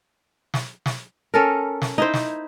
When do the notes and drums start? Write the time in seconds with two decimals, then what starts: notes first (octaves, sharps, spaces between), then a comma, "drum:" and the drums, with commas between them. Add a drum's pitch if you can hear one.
0.54 drum: snare
0.86 drum: snare
1.34 C#4 A4 A#4
1.82 drum: snare
1.98 D#4 E4 C5
2.14 drum: snare